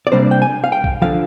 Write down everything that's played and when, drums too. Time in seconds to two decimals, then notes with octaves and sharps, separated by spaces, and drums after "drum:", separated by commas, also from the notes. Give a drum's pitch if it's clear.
0.07 D5
0.12 C3 G3 A#3 D4 C5
0.31 G5
0.42 G#5
0.64 F5
0.72 G5
0.84 drum: kick B1
1.02 D3 F3 F5